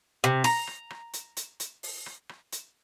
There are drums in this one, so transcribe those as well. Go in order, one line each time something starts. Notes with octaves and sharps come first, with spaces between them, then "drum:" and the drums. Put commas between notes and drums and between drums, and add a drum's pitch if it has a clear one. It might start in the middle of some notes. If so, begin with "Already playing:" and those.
C3
A#5, drum: open hi-hat
drum: rim click
drum: rim click
drum: hi-hat
drum: hi-hat
drum: hi-hat
drum: open hi-hat
drum: rim click
drum: rim click
drum: hi-hat